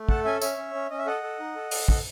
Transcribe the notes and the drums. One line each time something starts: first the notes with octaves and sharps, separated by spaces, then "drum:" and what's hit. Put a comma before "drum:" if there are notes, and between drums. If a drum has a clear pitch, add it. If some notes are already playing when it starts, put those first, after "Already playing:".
Already playing: A3
A4 F#5 A5, drum: kick
C#4 E5 G#5
C#4 C#5 E5, drum: tambourine
C#4
C#4
C#4 D#5
E5
A4 D#5 F#5
A4
D#4
A4
A4, drum: open hi-hat
A4, drum: kick